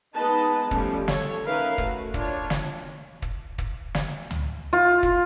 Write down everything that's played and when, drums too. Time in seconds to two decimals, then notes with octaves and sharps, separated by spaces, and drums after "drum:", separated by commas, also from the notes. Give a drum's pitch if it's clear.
0.14 G#3 B3 D#4 B4 D#5 A5
0.71 F3 G3 A3 C#4, drum: kick
1.08 A4 C#5, drum: snare
1.44 C#4 D#4 A#4 B4 E5 F5
1.78 A3 F#4, drum: kick
2.14 D4 F4 C#5, drum: kick
2.50 drum: snare
3.22 drum: kick
3.58 drum: kick
3.95 drum: snare
4.31 drum: tom C#2
4.73 F4
5.03 drum: kick